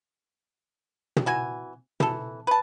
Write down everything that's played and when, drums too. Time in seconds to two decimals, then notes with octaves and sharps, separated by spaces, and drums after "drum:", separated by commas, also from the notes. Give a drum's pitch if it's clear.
1.16 drum: tom
1.26 E3 F#4 G#5
2.00 E3 A4, drum: tom
2.47 B4 A5